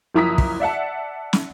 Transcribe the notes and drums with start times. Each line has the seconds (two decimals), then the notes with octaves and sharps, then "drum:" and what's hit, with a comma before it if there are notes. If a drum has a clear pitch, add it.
0.14 F#1 F3 E4 A#5 D#6 B6
0.38 drum: kick
0.60 D5 E5 F#5 A5
1.33 drum: snare